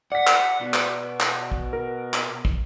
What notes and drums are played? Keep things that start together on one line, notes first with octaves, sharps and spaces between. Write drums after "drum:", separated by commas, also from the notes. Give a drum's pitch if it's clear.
D5 F#5 B6
drum: clap
B2
drum: clap
drum: clap
drum: kick
A#4
drum: clap
drum: kick